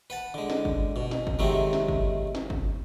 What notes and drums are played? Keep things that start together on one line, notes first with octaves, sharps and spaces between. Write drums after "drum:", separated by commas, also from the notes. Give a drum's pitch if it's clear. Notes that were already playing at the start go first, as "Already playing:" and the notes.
B4 F#5 A5
D3 G#3
drum: snare
drum: kick G1
B2
drum: snare
drum: kick G1
C3 D#3 F#3 G#3 A3 C4
drum: snare
drum: kick G1
drum: snare
drum: kick G1